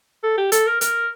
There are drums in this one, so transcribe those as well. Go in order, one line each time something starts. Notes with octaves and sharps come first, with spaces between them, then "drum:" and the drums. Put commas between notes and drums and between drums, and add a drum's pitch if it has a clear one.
A4
G4
A4, drum: hi-hat
A#4
A#4, drum: hi-hat